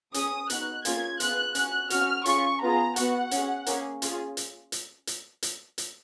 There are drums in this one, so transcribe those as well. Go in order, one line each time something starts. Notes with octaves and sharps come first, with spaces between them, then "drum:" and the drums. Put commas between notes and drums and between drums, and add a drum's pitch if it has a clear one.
C#4 G#4 D#6, drum: hi-hat
B3 D#4 F#4 F#6, drum: hi-hat
A#3 C#4 F4 G#4 G#6, drum: hi-hat
B3 F4 G#4 F#6, drum: hi-hat
C#4 F#4 F#6, drum: hi-hat
C#4 F#4 F6, drum: hi-hat
C#4 F4 G#4 C#6, drum: hi-hat
B3 F4 G#4 A#5
B3 F#4 F#5, drum: hi-hat
C#4 G#4, drum: hi-hat
A#3 C#4 G#4, drum: hi-hat
C#4 F4 G#4, drum: hi-hat
drum: hi-hat
drum: hi-hat
drum: hi-hat
drum: hi-hat
drum: hi-hat